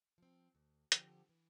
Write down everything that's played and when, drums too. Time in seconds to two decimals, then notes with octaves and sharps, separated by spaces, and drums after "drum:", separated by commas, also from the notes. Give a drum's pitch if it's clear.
0.18 F3 C4
0.55 D2
0.92 D3 F3 C4 G4, drum: hi-hat
1.29 E3